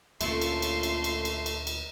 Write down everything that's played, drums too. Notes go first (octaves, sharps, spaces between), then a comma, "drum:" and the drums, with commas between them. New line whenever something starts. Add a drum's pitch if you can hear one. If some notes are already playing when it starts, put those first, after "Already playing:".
D2 A#2 A3 A#3 C#4 F4 C6, drum: cymbal
drum: cymbal
drum: cymbal
drum: cymbal
drum: cymbal
drum: cymbal
drum: cymbal
drum: cymbal